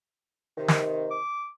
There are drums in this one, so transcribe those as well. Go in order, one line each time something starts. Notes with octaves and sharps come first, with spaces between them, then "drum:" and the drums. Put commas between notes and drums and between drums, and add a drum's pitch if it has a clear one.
C3 D#3
drum: snare
D6